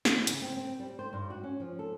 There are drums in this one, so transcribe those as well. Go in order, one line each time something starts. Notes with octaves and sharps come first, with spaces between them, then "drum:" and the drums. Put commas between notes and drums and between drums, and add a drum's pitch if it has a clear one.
E3, drum: snare
C#3, drum: hi-hat
C4
C4
G3
C5
G2
F#4
C#4
F3
A4